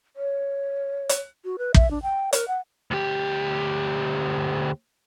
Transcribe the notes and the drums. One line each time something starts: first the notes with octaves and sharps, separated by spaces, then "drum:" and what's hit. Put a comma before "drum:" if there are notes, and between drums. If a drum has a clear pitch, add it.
C#5
drum: hi-hat
F#4
B4
E5, drum: kick
D4
G5
A#4, drum: hi-hat
F#5
D2 G4